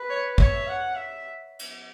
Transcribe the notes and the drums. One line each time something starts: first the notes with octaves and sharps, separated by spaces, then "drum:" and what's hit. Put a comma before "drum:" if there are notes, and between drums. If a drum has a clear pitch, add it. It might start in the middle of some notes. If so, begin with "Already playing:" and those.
Already playing: B4
C#5
C#5 E5, drum: kick
F#5
E5
drum: cymbal